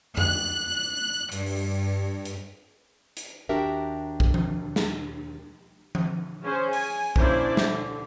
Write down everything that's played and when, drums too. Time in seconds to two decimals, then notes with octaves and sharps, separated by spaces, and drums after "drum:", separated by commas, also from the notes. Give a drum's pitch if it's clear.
0.17 F#6, drum: tom F2
1.32 G2, drum: hi-hat
1.46 drum: open hi-hat
2.25 drum: hi-hat
3.17 drum: hi-hat
3.49 D#2 D4 F#4 G4 A#4 E5
4.20 drum: kick A#1
4.34 drum: tom E3
4.76 drum: snare
5.95 drum: tom E3
6.44 C#4 G#4 C5
6.73 G#5, drum: open hi-hat
7.16 A#3 C#4 D4 E4 C5 D5, drum: kick A#1
7.57 D3, drum: snare